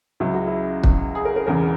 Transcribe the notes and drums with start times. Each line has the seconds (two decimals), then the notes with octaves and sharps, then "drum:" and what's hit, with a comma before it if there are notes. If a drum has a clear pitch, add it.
0.20 C#2 C#3 F#3 E4
0.34 F#4
0.47 E4
0.83 drum: kick
1.15 G#4
1.25 A#4
1.36 A#4
1.47 E1 E2 C#3 E3 A#4